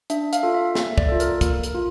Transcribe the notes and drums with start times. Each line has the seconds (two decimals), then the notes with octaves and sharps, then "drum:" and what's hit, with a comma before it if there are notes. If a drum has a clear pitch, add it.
0.10 D4 E5, drum: hi-hat
0.33 F5, drum: hi-hat
0.43 F4 A4
0.54 E5
0.75 A#3 E5, drum: snare
0.98 D5, drum: kick
1.09 F4 A4
1.20 A#4, drum: hi-hat
1.41 A#3, drum: kick, hi-hat
1.63 drum: hi-hat
1.74 F4